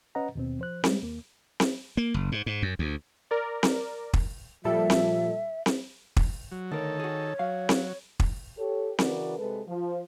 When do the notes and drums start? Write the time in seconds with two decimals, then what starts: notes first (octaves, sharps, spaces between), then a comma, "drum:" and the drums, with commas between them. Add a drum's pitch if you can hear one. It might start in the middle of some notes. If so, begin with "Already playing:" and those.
0.15 C#4 B4 D#5 F#5 A#5
0.35 D#2 B2 C4
0.59 F3 C5 F#6
0.84 G3 G#3, drum: snare C4
1.02 D#2 A#3
1.60 drum: snare C4
1.97 A#3
2.14 F#1
2.32 G#2
2.46 G#2
2.62 F#2
2.79 D2
3.31 A#4 D5
3.63 drum: snare C4
4.14 drum: kick
4.65 A#2 F3 G3 A4 E5
4.90 drum: snare C4
5.66 drum: snare C4
6.17 drum: kick
6.51 F#3
6.71 D2 D#3 A4 A#4 C#5
7.00 F#4 G#4
7.39 F#3 F5
7.69 drum: snare C4
8.20 drum: kick
8.58 G4 A4 C#5
8.99 C#3 E3 F#4 A#4 B4 D5, drum: snare C4
9.38 C3 G#3 A4 B4
9.67 F3